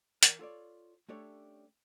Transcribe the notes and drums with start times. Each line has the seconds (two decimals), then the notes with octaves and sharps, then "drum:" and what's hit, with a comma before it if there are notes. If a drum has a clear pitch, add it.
0.23 E3 A#4, drum: hi-hat
0.39 F4 A4 C#5 D5
1.09 A3 C#4 D4 G4 A4 C#5